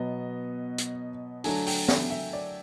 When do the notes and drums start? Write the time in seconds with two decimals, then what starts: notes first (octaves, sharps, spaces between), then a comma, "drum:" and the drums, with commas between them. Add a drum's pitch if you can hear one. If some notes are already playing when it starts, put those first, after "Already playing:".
Already playing: B2 F#3 B3 D#5
0.78 drum: hi-hat
1.44 D3 F#3 A3 D4 G#5, drum: open hi-hat
1.66 G5, drum: open hi-hat
1.88 E5, drum: snare
2.10 E5
2.33 D5